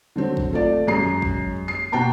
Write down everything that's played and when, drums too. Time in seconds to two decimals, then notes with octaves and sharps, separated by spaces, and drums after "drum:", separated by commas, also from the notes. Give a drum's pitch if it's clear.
0.16 D3 F#3 C4
0.37 drum: kick
0.53 A3 F4 D5
0.87 F#2 G#3 A#5 C7
1.22 drum: kick
1.68 C7
1.92 B2 F#5 G5 A5 A#5